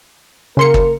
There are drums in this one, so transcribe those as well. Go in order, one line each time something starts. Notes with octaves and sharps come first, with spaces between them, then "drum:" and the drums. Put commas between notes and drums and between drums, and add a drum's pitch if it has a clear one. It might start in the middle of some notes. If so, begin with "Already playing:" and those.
C#3 A#3 A#4 C6 C#7
drum: kick